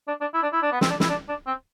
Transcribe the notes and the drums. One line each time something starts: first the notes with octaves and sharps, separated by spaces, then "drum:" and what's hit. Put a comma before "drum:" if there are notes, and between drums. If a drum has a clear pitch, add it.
D4
D4
E4
D4
E4
D4
B3
C4, drum: snare
D4
E4, drum: snare
D4
D4
C4